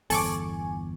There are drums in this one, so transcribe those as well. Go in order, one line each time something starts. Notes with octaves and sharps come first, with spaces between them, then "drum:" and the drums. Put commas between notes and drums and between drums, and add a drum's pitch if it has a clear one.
G1 E2 A4 G#5 C#6 D6, drum: open hi-hat